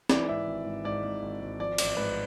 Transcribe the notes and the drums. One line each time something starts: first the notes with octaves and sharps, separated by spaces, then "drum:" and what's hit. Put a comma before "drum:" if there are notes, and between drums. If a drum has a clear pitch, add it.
E3 D5, drum: snare
G#2 E5
G#1
G#2
G#2 D5
G#2
G#1
G#1
F3 D5
A1 D5, drum: cymbal
G#2 B4